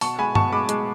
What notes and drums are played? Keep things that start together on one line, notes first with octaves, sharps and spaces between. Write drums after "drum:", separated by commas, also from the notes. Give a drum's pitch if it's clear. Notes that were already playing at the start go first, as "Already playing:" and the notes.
B2 A5 C#6, drum: open hi-hat
G#3 G#5 B5
B2 A5 C#6, drum: tom G2
G#3 B5 D6
G#3, drum: hi-hat